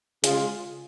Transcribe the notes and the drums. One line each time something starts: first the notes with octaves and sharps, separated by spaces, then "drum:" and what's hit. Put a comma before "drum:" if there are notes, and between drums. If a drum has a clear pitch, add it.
C#3 G#3 F4 G#4, drum: hi-hat